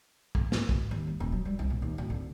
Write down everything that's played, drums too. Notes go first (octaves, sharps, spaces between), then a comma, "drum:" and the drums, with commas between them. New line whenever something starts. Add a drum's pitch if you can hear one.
drum: kick
drum: snare
drum: kick
D#2
G2
D#1
F#3
G3
C2
A#2
D#2
D1
D3